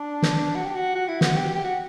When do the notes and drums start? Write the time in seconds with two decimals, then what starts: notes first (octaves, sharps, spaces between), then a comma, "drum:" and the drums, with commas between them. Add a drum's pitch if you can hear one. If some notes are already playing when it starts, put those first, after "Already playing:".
Already playing: D4
0.22 drum: snare
0.55 F#4
0.65 G4
0.75 F#4
0.95 F#4
1.08 E4
1.21 F#4, drum: snare
1.36 G4
1.55 G4
1.64 F#4